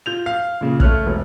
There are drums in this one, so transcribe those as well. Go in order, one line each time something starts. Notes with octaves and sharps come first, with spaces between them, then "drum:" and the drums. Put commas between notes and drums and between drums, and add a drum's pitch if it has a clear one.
F4 G6 F7
F5
A#2 C#3
A3 C#5 F6 F#6, drum: kick
E1